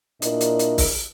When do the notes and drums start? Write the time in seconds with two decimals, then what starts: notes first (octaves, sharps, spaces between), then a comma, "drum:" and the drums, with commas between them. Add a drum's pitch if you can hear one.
0.22 A#2 D4 E4 A#4 D#5, drum: hi-hat
0.41 drum: hi-hat
0.59 drum: hi-hat
0.78 drum: kick, open hi-hat